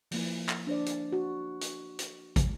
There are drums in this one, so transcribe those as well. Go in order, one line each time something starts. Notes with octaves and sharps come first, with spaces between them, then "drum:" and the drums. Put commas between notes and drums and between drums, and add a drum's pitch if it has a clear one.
F3 A#3 E4, drum: open hi-hat
drum: clap
D4 C5 D5
drum: hi-hat
F#4
drum: hi-hat
drum: hi-hat
drum: kick, hi-hat